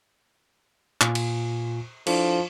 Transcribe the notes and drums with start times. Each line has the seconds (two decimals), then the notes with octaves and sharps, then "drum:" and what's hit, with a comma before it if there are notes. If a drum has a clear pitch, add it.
1.01 A#2 F4 G#5, drum: clap
1.15 drum: cymbal
2.07 F3 D4 E4 A4, drum: cymbal